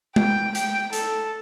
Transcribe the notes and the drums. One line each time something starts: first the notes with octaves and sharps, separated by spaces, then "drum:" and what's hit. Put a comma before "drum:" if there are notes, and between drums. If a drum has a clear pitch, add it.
G5, drum: tom G#3
G5, drum: hi-hat
A4, drum: hi-hat